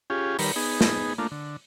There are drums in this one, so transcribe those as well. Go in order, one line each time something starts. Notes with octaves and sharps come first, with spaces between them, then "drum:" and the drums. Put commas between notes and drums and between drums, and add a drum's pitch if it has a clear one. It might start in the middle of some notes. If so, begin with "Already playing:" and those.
C#4 F4 G4 G#4
D#3 G3 A#4 B4, drum: open hi-hat
B3 D#4 G#4
drum: snare
A3 A#3 D4 F4
D3